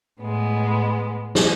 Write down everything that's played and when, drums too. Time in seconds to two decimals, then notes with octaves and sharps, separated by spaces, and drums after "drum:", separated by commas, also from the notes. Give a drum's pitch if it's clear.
0.22 A2 G#3 B3
1.35 drum: snare